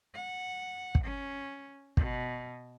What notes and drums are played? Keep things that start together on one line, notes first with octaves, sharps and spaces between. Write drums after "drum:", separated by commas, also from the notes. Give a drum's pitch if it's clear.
F#5
drum: kick
C#4
B2, drum: kick